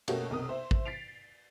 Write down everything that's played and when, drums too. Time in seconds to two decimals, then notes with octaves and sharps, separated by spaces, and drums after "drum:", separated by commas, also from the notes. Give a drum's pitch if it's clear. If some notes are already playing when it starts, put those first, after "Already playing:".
0.08 B2 A3 A#3 C#4 F#4 G4, drum: cymbal
0.30 B1 C3 A#4 D#6
0.49 C5 E5
0.71 drum: kick
0.85 A6 B6 C7 D7 F7